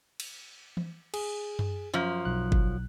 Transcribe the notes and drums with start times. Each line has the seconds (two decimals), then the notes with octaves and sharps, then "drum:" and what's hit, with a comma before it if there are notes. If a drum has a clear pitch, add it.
0.20 drum: cymbal
0.77 drum: tom E3
1.14 G#4, drum: cymbal
1.59 drum: tom F#2
1.93 F#2 F3
2.25 B1 F#6
2.52 drum: kick G1